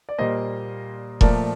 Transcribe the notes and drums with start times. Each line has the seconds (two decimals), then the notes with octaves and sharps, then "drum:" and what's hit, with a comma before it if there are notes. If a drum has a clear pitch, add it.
0.09 D5
0.18 A#2 G3 A#3 C5 D#5
1.21 A#2 F3 A3 A#4 D5, drum: kick E1